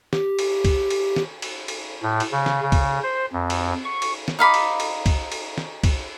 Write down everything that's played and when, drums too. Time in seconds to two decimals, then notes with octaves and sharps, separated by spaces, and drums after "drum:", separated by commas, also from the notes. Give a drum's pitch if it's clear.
0.13 G4, drum: snare
0.39 drum: cymbal
0.65 drum: kick, cymbal
0.90 drum: cymbal
1.16 drum: snare
1.42 drum: cymbal
1.68 drum: cymbal
2.03 A2
2.20 drum: cymbal
2.32 C#3
2.46 drum: snare
2.62 C#3
2.72 drum: kick, cymbal
3.03 C5
3.33 F2
3.50 drum: cymbal
3.85 C#6
4.02 drum: cymbal
4.28 drum: snare
4.39 D#4 F5 B5 D6
4.54 drum: cymbal
4.80 drum: cymbal
5.06 drum: kick, cymbal
5.32 drum: cymbal
5.58 drum: snare
5.84 drum: kick, cymbal